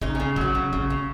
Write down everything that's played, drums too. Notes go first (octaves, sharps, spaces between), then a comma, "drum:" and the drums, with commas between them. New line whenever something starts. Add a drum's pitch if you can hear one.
C#3 D#4, drum: kick
C#3 C#4
F#3 F#4, drum: kick
C#3
C#3, drum: kick
C#3